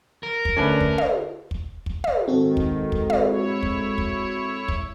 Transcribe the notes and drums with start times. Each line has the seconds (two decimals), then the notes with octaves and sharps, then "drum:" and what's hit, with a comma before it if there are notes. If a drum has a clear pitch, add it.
0.23 A#4
0.45 drum: kick
0.57 D3 A3 C#4 D4 B4
0.80 drum: kick
0.98 drum: tom
1.51 drum: kick
1.86 drum: kick
2.04 drum: tom
2.28 G#2 D#3 C4 F#4 A4
2.57 drum: kick
2.92 drum: kick
3.10 drum: tom
3.27 E4 C#5
3.63 drum: kick
3.98 drum: kick
4.68 drum: kick